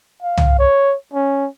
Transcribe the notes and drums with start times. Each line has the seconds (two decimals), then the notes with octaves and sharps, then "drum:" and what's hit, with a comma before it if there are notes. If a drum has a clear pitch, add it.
0.23 F5
0.37 drum: tom C2
0.59 C#5
1.13 C#4